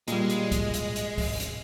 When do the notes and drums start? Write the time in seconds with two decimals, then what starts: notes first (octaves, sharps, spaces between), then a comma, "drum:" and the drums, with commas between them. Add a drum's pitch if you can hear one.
0.08 A#2 G3 G#3, drum: hi-hat
0.30 drum: hi-hat
0.52 drum: kick, hi-hat
0.74 drum: hi-hat
0.96 drum: hi-hat
1.18 drum: kick, open hi-hat
1.40 drum: hi-hat